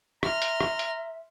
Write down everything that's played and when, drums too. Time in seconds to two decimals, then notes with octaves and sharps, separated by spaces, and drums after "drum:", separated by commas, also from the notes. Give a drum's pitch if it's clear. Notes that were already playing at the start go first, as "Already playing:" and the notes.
0.23 E5 A#5 C6 F6, drum: rim click
0.42 drum: hi-hat
0.60 drum: rim click
0.79 drum: hi-hat